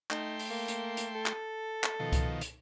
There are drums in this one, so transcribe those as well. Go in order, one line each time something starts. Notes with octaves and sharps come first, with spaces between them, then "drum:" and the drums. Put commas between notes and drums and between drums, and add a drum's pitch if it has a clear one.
A3 D#4 G5 C6, drum: clap
drum: open hi-hat
A#3
drum: hi-hat
drum: hi-hat
A4
drum: clap
drum: clap
B2 D#3 F3
drum: kick C2, hi-hat
drum: hi-hat